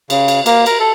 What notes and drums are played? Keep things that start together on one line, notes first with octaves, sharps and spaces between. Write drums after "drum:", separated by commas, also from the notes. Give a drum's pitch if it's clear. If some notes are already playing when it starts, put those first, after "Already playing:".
C#3, drum: cymbal
drum: cymbal
A#3, drum: cymbal
A#4, drum: cymbal
A4